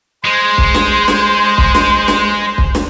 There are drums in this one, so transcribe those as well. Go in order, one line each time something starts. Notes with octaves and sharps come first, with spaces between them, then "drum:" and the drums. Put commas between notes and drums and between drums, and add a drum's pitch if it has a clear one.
G#3 C5
drum: kick
drum: snare
drum: snare
drum: kick
drum: snare
drum: snare
drum: kick
drum: snare